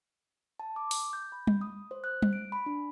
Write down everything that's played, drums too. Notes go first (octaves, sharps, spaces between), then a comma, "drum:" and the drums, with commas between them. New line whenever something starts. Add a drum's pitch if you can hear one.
A5
D6
drum: open hi-hat
G6
B5
drum: tom G3
D#6
C5
F#6
drum: tom G3
D7
B5
D4